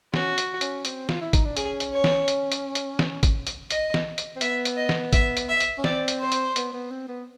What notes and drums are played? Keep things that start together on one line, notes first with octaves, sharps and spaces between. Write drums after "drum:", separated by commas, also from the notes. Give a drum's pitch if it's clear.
C#4 F#4, drum: snare
drum: hi-hat
C#4, drum: hi-hat
C4, drum: hi-hat
F4, drum: snare
E4
D#4, drum: kick G#1, hi-hat
D4
C#4 G#4, drum: hi-hat
drum: hi-hat
C#5
drum: snare
drum: hi-hat
drum: hi-hat
drum: hi-hat
drum: snare
drum: kick G#1, hi-hat
drum: hi-hat
D#5, drum: hi-hat
drum: snare
drum: hi-hat
C4
B3 E5, drum: hi-hat
drum: hi-hat
D#5
drum: snare
E5, drum: kick G#1, hi-hat
drum: hi-hat
E5
drum: hi-hat
C#4
C4 D5, drum: snare
drum: hi-hat
C5
drum: hi-hat
B3, drum: hi-hat
B3
C4
B3